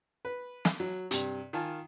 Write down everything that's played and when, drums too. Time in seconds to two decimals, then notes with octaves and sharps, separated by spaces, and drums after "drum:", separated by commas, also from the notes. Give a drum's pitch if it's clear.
0.25 B4
0.65 drum: snare
0.80 F#3
1.11 G2 C3, drum: hi-hat
1.53 D#3 F4 G#5 A5